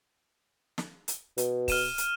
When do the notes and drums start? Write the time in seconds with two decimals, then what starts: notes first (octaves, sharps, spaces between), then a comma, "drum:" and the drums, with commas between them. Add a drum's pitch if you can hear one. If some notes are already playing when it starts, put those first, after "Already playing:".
0.78 drum: snare
1.08 drum: hi-hat
1.38 B2, drum: hi-hat
1.68 F6 D#7 E7, drum: kick, open hi-hat
1.98 drum: hi-hat